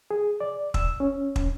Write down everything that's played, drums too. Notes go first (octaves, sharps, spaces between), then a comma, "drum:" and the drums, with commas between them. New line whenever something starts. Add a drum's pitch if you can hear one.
G#4
D5
E6, drum: kick
C#4
drum: kick